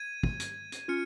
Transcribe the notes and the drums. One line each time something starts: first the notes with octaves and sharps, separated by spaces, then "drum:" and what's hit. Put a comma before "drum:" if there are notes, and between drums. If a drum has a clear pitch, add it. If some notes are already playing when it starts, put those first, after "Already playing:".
Already playing: G#6 D#7
drum: kick
drum: hi-hat
drum: hi-hat
C#4 F4 F6 C#7